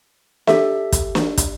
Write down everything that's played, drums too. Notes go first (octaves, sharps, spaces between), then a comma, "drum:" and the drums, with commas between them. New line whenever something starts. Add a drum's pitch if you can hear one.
G4 A4 E5, drum: snare
drum: kick, hi-hat
drum: snare
drum: kick, hi-hat